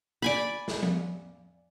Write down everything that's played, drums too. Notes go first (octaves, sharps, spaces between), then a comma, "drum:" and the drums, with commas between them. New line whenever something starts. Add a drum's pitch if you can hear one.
D5 G#5 B5
drum: snare
drum: tom F3